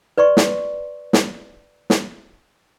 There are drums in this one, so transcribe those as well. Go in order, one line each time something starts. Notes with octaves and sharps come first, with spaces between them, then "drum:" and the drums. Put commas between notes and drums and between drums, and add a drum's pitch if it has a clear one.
B4 D5 C6 C#6
drum: snare
drum: snare
drum: snare